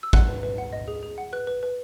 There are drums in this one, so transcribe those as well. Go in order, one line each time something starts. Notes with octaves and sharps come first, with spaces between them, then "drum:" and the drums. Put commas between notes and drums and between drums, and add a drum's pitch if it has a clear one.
E6
F#5 F#6, drum: kick
B4
B4
F#5
D#5
G#4
G#4
F#5
B4 F#6
B4
B4